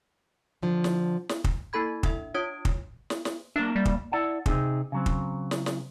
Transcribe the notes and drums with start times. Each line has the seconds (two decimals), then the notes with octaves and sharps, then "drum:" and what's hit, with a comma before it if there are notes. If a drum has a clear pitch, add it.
0.62 D3 F3
0.84 drum: snare
1.29 drum: snare
1.44 drum: kick
1.73 A#3 E4 A4 B5 G#6
2.03 D4 E5, drum: kick
2.34 D4 F4 C#5 D#6 G#6 D7
2.65 drum: kick
3.10 drum: snare
3.25 drum: snare
3.56 A#3 D4 A#4 E5
3.76 G3
3.85 drum: kick
4.12 E4 D5 F#5 A5
4.46 C3 C4 D#4 G#4, drum: kick
4.92 C#3 F#3 C4
5.06 drum: kick
5.51 drum: snare
5.66 drum: snare